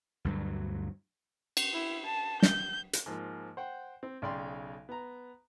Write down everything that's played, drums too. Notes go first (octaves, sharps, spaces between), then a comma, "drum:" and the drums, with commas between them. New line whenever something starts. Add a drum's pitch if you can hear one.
D2 G2 F#3
drum: cymbal
E4
A5
G6, drum: snare
drum: hi-hat
G#2 F3 A#3
C5 F#5 G5
C4
B1 C#3 D5 G5 C6
B3 A#5